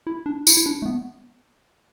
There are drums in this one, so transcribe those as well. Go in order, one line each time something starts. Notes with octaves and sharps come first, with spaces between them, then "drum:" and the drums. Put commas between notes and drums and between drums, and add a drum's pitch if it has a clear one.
E4
D4
E4, drum: tambourine
E4
D4
A3
B3